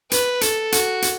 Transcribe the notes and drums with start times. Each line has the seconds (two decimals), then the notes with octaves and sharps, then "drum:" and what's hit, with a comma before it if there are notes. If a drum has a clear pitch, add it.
0.11 B4, drum: hi-hat
0.41 A4, drum: hi-hat
0.72 F#4, drum: hi-hat
1.02 drum: hi-hat